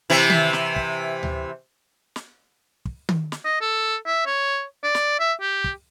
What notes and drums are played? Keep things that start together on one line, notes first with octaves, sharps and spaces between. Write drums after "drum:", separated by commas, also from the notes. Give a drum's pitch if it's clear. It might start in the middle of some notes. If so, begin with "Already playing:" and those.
C3 E3
drum: tom D#3
drum: snare
drum: kick
drum: tom D2
drum: snare
drum: kick
drum: tom D#3
drum: snare
D#5
A4
E5
C#5
D5
drum: snare
E5
G4
drum: kick